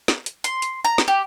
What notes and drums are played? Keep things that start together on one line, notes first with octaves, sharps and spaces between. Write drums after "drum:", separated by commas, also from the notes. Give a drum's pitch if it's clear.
drum: snare
drum: hi-hat
C6, drum: hi-hat
drum: hi-hat
A#5
drum: snare
G4